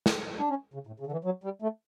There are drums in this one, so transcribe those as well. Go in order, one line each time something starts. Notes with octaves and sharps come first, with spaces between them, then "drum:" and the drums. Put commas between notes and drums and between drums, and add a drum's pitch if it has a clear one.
drum: snare
D4
C#4
C#3
A2
C#3
D3
E3
F#3
G3
A3